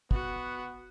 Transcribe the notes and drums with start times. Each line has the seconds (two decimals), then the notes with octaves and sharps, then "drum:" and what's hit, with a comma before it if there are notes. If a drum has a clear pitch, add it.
0.11 B3 F#4, drum: kick